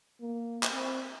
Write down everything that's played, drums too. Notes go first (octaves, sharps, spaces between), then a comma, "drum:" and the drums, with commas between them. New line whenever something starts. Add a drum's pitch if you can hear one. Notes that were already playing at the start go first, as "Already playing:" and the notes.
A#3
drum: clap
C4